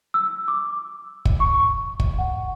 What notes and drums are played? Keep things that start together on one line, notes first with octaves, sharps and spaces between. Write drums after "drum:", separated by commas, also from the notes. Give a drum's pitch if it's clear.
E6
D6
drum: kick
C#6
drum: kick
F#5